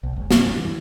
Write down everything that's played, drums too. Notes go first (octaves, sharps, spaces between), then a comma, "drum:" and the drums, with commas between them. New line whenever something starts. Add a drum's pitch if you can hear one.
B1
E1
C3, drum: snare
G2
E3